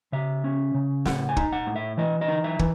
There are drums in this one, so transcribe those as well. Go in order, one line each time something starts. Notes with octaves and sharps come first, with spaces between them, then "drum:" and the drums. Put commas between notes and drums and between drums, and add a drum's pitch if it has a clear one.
C#3 E5
C#4
C#3
A2 F#5, drum: snare
G#5
D#4, drum: kick
F#5
A2
E5
E3 D#5
D#5
D#4
E5
E3, drum: kick